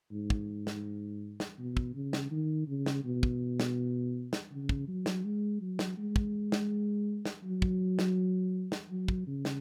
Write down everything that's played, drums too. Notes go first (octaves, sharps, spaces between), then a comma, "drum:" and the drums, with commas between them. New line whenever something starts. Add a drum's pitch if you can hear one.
G#2
drum: kick
drum: snare
drum: snare
B2
drum: kick
C#3
drum: snare
D#3
C#3
drum: snare
B2
drum: kick
drum: snare
drum: snare
C#3
drum: kick
F#3
drum: snare
G#3
F#3
drum: snare
G#3
drum: kick
drum: snare
drum: snare
F#3
drum: kick
drum: snare
drum: snare
F#3
drum: kick
C#3
drum: snare